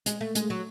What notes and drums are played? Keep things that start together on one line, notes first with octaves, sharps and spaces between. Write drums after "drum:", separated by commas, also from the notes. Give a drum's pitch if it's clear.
G#3, drum: hi-hat
A3
G#3, drum: hi-hat
F#3